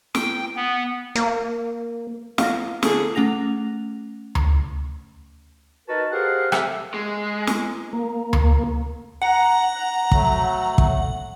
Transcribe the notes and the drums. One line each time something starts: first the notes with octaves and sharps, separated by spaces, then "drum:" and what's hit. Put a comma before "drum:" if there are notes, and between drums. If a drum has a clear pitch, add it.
G5, drum: snare
B3
A#3, drum: hi-hat
F5 A#6, drum: snare
D3 G#4, drum: snare
A3 C#4 F#5 A#6 F7
drum: tom D2
D#4 F#4 A#4 B4 A5
G4 G#4 A#4 C5 F5 F#5
A3 C4 G4 E5, drum: rim click
G#3
drum: snare
A#3
drum: tom D2
F#5 A#5
F#3 A3, drum: kick
drum: kick